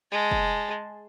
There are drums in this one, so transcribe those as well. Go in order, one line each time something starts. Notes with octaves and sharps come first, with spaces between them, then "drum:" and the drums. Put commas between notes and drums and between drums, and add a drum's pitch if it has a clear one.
G#3 A5
drum: kick